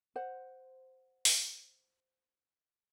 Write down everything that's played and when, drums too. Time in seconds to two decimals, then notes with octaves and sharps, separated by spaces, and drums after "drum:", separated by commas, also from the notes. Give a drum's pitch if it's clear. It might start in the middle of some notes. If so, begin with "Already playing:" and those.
0.16 C5 F#5
1.25 drum: open hi-hat